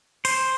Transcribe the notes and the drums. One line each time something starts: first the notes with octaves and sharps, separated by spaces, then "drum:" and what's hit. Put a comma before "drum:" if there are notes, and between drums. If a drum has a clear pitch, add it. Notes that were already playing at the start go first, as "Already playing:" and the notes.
C5, drum: open hi-hat